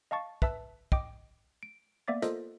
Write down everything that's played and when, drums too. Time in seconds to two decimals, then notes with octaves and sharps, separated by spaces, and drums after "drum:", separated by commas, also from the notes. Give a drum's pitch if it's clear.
0.11 D#5 F5 A5 C#6 A6
0.42 B4 E5 A5 E6, drum: kick
0.92 D#5 G5 D6, drum: kick
1.63 D7
2.08 A#3 B3 D5 E5 D6 A6
2.22 F4 A4 A#4 C5 D#5, drum: hi-hat